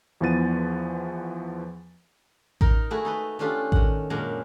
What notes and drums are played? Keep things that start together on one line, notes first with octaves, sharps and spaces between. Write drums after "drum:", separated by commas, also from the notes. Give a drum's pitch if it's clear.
E2 E3 F3 B3 A6 D#7
D#4 A#4, drum: kick A1
A3 E4 F#4 G#4 A5
D#4 A4 B4
A3 C#4 D4 F4 G4 A4
D#3 F#5, drum: kick A1
F#2 A#2 F#3 G#3 C#4 D4